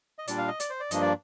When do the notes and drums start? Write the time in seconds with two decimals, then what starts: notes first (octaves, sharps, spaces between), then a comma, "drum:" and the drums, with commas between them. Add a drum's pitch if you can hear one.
0.19 D#5
0.28 A#2 G3 D4 D5, drum: hi-hat
0.38 F5
0.48 D#5
0.60 D5, drum: hi-hat
0.70 C5
0.80 D5
0.91 G2 F3 A#3 D4 D#5, drum: hi-hat
1.02 D5